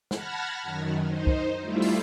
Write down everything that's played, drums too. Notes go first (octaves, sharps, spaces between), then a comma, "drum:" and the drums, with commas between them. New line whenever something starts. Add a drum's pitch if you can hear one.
F#5 A5 B5 F6 G#6 A#6, drum: snare
F#2 D#3
D#4 C5
drum: kick
G3 A3 E4 F4
drum: open hi-hat